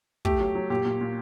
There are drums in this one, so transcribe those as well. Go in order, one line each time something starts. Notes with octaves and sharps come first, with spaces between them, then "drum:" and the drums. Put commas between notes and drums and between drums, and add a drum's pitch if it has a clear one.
A3 G4, drum: kick
F#3
F#3
A#2 G4
A#2
A#2